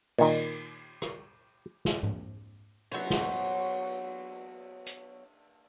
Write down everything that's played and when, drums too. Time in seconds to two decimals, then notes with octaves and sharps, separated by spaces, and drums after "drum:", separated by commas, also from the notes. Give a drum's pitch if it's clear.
0.18 A#2 D#3, drum: cymbal
1.02 drum: rim click
1.85 drum: snare
2.03 drum: tom G#2
2.92 F#3 B3 C5 C#5, drum: cymbal
3.10 drum: snare
4.86 drum: hi-hat